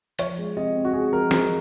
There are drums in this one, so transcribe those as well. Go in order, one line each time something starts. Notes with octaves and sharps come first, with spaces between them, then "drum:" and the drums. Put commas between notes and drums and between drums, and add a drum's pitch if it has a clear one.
F3 C#5, drum: hi-hat
G#3
C3 D#5
C4
F#4
C3 G#4
F3 A#4
F3 G#4, drum: snare